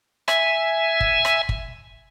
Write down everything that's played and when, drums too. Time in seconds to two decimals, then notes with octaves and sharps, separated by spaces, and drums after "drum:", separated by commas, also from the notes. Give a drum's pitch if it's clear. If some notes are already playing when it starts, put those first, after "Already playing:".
0.28 E5 G#5, drum: rim click
1.00 drum: kick
1.25 drum: rim click
1.49 drum: kick